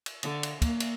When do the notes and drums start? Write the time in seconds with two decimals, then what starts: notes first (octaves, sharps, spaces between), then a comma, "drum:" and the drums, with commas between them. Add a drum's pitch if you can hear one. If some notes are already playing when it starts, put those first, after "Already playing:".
0.06 drum: cymbal
0.23 D3, drum: cymbal
0.43 drum: cymbal
0.62 A#3, drum: kick, cymbal
0.80 drum: cymbal